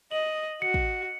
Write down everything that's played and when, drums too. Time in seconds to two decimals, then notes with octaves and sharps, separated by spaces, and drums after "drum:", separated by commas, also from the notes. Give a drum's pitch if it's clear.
0.11 D#5 F#7
0.62 F#4 C#7
0.74 drum: kick